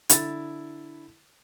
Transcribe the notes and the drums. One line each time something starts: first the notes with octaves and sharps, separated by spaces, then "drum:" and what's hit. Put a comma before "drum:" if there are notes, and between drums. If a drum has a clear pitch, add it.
D3 E4 A6, drum: hi-hat